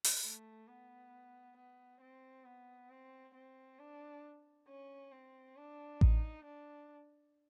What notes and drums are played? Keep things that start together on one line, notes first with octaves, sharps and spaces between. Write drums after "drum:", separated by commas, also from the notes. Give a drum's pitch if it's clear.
drum: open hi-hat
A3
B3
B3
C4
B3
C4
C4
D4
C#4
C4
D4
D#4, drum: kick A1
D4